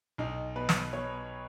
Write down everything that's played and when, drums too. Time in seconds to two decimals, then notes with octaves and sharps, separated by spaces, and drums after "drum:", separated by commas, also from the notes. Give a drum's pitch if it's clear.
0.18 B1 D#4
0.56 B2 B4
0.69 drum: snare
0.93 B2 C#5